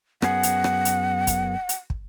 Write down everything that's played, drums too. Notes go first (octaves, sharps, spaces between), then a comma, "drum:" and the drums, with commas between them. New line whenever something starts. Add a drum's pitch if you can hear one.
F#2 B3 G#4 F#5, drum: rim click
drum: hi-hat
drum: rim click
drum: hi-hat
drum: kick, hi-hat
drum: hi-hat
drum: kick